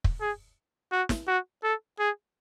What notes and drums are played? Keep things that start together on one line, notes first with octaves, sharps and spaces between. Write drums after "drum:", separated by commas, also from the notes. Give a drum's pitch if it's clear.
drum: kick
G#4
F#4
drum: snare
F#4
A4
G#4